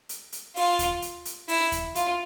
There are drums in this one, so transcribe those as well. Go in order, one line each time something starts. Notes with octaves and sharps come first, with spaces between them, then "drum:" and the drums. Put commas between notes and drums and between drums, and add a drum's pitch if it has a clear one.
drum: hi-hat
drum: hi-hat
F4, drum: open hi-hat
drum: kick D#2, hi-hat
drum: hi-hat
drum: hi-hat
E4, drum: open hi-hat
drum: kick D#2, hi-hat
F4, drum: hi-hat